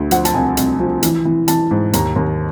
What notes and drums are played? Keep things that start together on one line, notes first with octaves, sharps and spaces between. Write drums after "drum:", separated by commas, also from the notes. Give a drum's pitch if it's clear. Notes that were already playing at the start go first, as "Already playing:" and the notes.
Already playing: D2
F3 F#5, drum: hi-hat
A5, drum: hi-hat
C2 G#5
C2, drum: hi-hat
F3
E3, drum: hi-hat
E3
E3 A5, drum: hi-hat
G#2
D#2 A#5, drum: hi-hat
D#2